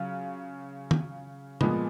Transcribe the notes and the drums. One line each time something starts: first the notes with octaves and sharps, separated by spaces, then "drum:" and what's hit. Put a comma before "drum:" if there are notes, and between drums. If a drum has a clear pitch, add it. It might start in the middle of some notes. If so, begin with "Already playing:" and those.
Already playing: C#3 F#3 F4
drum: tom
A#2 F3 G#3 B3, drum: tom